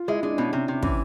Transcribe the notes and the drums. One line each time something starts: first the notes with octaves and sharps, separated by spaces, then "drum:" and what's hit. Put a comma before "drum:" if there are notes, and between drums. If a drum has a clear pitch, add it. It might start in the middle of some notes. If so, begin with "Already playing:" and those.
Already playing: F4
G#3 E4
G#3 D4
D4
B2 C#4
C3 C#4
C3
E3 C#4, drum: kick